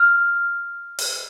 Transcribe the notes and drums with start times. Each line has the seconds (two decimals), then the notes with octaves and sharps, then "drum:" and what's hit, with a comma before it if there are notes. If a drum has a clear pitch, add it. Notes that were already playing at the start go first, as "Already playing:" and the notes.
Already playing: F6
0.99 drum: open hi-hat